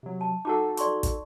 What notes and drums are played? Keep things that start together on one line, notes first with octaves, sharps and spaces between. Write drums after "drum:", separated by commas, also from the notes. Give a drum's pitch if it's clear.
C3 F#3
A5
D#4 F#4 A4 F#5 A5 D6
D5 C6 C#6, drum: hi-hat
drum: kick, hi-hat